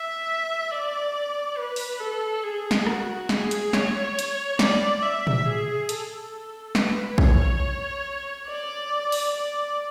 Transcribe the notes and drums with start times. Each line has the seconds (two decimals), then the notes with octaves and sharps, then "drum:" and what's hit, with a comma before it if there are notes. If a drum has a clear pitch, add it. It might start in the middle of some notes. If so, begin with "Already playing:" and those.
Already playing: E5
0.70 D5
1.57 B4
1.76 drum: open hi-hat
2.00 A4
2.43 G#4
2.71 drum: snare
2.87 F#4, drum: rim click
3.29 G#4, drum: snare
3.51 drum: hi-hat
3.73 C#5, drum: snare
4.19 drum: hi-hat
4.59 D5, drum: snare
5.02 E5
5.27 drum: tom
5.45 G#4
5.89 A4, drum: hi-hat
6.75 B4, drum: snare
7.18 C#5, drum: kick A#1
8.48 D5
9.12 drum: open hi-hat
9.34 D5